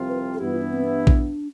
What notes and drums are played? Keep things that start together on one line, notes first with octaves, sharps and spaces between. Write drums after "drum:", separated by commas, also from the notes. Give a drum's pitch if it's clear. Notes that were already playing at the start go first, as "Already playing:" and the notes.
Already playing: C2 C3 F3 C4 F4
B4
A4
G2 E3 B3 E4 G4
F4
D4
C4
D4
drum: kick A#1